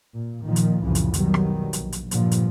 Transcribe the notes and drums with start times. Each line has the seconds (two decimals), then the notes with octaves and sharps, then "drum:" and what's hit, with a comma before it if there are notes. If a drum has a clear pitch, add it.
0.14 A#2
0.44 A#2 D#3 F3
0.56 drum: hi-hat
0.81 C2 F2 A2 C#3 E3 F3
0.95 drum: hi-hat
1.14 B2 D#3 F#3 G3, drum: hi-hat
1.34 drum: rim click
1.73 A#1, drum: hi-hat
1.92 drum: hi-hat
2.11 G2 A#2 D3 F3, drum: hi-hat
2.31 drum: hi-hat